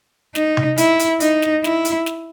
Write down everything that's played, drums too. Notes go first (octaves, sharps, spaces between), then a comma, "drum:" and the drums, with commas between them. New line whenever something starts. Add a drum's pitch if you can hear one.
D#4, drum: snare
drum: tom C3
E4, drum: hi-hat
drum: hi-hat
D#4, drum: hi-hat
drum: snare
E4, drum: snare
drum: hi-hat
drum: snare